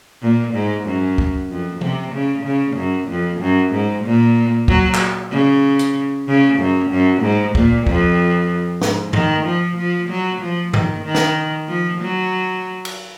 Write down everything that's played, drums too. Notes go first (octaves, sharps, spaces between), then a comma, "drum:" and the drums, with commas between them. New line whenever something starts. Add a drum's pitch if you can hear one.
A#2
G#2
F#2
drum: kick
F2
C3, drum: tom F3
C#3
C#3
F#2
F2
F#2
G#2
A#2
F#3, drum: kick
drum: clap
C#3
drum: hi-hat
C#3
F#2
F#2
G#2
A#2, drum: kick
F2, drum: kick
G#2, drum: snare
D#3, drum: tom G2
F3
F3
F#3
F3
D#3, drum: tom G2
D#3
drum: snare
F3
F#3
drum: cymbal